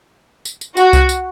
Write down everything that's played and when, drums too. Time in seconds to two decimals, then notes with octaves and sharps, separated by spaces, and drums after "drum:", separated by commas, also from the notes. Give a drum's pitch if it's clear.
0.45 drum: tambourine
0.61 drum: tambourine
0.77 F#4, drum: tambourine
0.93 drum: kick C2, tambourine
1.09 drum: tambourine